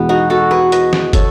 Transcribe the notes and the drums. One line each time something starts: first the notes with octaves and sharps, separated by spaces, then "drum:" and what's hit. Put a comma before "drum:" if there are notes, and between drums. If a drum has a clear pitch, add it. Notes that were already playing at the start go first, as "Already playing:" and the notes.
Already playing: E2 B2 G#3 B3
D#4 F#4
F#4 A4
G#4 B4
B4 D#5, drum: hi-hat
drum: snare
A4 C#5, drum: kick, hi-hat